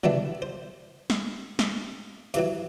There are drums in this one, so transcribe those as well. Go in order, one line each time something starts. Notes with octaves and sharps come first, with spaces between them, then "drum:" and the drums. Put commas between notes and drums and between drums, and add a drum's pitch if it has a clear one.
F#3 G3 B3 D4 E4, drum: tom
C5
drum: snare
drum: snare
C3 E3 F#3, drum: hi-hat